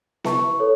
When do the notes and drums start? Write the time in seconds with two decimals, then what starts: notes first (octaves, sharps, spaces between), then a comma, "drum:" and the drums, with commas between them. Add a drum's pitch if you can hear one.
0.24 E4 B4 E5 A5 C#6, drum: snare B3
0.60 A4 C#5